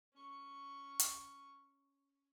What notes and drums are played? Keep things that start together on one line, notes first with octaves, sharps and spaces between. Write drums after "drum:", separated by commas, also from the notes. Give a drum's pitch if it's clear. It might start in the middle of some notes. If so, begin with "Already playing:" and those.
C#4 C#6
drum: hi-hat